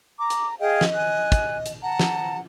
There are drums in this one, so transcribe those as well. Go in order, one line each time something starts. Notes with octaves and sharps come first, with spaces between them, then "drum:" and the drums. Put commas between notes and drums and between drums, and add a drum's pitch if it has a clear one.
A#5 D6
drum: hi-hat
G#4 D#5 F5 G5
drum: snare
G#5 F#6
drum: kick, hi-hat
drum: hi-hat
F#5 A5 A#5
drum: snare